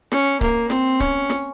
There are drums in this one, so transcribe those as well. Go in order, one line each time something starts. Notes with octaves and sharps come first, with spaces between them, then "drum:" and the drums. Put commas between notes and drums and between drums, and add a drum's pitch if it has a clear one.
C#4, drum: snare
A#3, drum: kick C#1
C4, drum: snare
C#4, drum: kick C#1
drum: snare